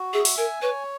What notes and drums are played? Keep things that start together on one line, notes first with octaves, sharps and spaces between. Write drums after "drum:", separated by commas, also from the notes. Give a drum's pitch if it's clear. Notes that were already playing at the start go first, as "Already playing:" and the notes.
Already playing: F#4
G#4 E5
drum: open hi-hat
A#4 G#5
B4 C#5